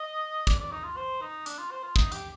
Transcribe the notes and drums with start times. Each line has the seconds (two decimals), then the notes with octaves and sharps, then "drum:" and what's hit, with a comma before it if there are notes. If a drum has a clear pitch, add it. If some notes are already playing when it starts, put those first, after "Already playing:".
Already playing: D#5
0.47 D5, drum: kick, hi-hat
0.59 D5
0.72 D#4
0.84 F4
0.97 C5
1.22 D#4
1.46 D4, drum: hi-hat
1.59 F4
1.71 C5
1.83 F4
1.96 D#4, drum: kick
2.12 G4, drum: hi-hat